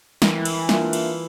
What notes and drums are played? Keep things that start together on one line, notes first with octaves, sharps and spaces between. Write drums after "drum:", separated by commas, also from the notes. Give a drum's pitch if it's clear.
E3 E4 A#4 E5 G5, drum: snare
drum: cymbal
A#3 D4 F4 A#4 E5, drum: snare
drum: cymbal